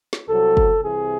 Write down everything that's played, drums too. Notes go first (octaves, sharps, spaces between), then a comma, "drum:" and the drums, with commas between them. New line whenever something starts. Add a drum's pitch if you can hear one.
drum: snare
C2 C3 F#3 A4
drum: kick F#1
C2 C3 E3 G#4